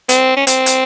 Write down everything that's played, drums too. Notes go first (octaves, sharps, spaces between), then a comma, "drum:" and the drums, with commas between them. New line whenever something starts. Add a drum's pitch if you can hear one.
C4, drum: hi-hat
C#4
C4, drum: hi-hat
drum: hi-hat